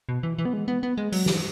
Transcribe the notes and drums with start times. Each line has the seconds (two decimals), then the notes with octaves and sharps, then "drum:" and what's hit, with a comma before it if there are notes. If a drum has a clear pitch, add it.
0.09 B2
0.23 E3
0.38 E3
0.45 B3
0.53 G#3
0.68 B3
0.83 B3
0.98 G#3
1.12 F#3, drum: open hi-hat
1.26 E3, drum: snare